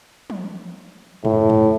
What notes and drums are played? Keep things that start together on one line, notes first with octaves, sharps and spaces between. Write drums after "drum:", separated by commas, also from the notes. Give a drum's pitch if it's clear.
drum: tom
A2, drum: tom
drum: tom